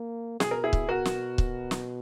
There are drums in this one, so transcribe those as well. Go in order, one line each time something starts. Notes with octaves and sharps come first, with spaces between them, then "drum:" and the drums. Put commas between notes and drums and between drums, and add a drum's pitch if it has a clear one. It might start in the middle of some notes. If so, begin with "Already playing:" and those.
Already playing: A#3
B2 G#4, drum: snare
A#4
E4 G#4
drum: kick C#1
B2 F#4 A#4
drum: snare
drum: kick C#1
drum: snare